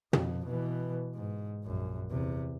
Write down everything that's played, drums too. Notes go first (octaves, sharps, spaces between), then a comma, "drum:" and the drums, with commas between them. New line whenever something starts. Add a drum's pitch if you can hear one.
F2, drum: tom
B2 E3
G#2
A#1 F#2
E2 C3